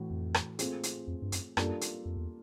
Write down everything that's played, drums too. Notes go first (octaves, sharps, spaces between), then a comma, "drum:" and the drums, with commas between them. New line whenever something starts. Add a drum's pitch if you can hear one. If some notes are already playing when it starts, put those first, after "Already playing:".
Already playing: A2 E3 A3 F#4
F2
drum: rim click
A3 C4 F4 G#4, drum: hi-hat
drum: hi-hat
F2
G2
F#2, drum: hi-hat
F#2 G3 A#3 D4 F4 A4, drum: rim click
drum: hi-hat
F2
E2